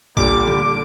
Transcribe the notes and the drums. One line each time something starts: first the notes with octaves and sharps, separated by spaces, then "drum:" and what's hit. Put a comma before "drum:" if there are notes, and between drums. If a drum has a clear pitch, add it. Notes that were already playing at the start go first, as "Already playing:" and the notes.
A#2 D3 G3 G4 D6, drum: kick
drum: tom D3